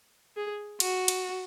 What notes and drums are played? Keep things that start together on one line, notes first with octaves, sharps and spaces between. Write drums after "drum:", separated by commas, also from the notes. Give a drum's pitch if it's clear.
G#4
F#4, drum: cymbal
drum: cymbal